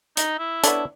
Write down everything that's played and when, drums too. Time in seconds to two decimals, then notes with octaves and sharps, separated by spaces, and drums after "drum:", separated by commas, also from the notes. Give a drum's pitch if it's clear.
0.17 D#4, drum: hi-hat
0.39 E4
0.64 B3 D4 A4 C#5, drum: hi-hat